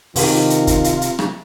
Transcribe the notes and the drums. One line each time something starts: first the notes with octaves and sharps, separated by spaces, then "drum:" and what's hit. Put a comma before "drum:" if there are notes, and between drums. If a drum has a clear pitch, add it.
C3 D#3 F4, drum: open hi-hat
drum: hi-hat
drum: kick, hi-hat
drum: hi-hat
drum: hi-hat
drum: rim click